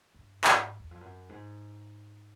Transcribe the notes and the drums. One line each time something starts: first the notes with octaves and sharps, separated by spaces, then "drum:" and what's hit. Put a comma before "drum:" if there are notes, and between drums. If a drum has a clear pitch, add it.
G2
G#2, drum: clap
E2
F2
F#2
G#2